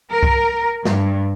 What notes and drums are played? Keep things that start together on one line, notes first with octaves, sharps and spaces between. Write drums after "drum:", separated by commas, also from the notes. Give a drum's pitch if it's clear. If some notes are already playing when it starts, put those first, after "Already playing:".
A#4
drum: kick C2
G2, drum: snare